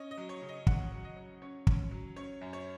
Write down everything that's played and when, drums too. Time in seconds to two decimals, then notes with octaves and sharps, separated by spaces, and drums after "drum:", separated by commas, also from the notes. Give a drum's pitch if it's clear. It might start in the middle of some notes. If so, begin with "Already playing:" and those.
Already playing: C#4 D#5
0.11 D#5
0.18 F#3
0.29 C#5
0.42 C#3
0.49 D#5
0.67 C#3 F#5, drum: kick
0.92 F#3
1.05 D#5
1.16 F#3
1.42 C#4 C#5
1.67 C#4, drum: kick
1.91 F#3
2.16 C#4 C#5
2.41 F#2
2.53 C#5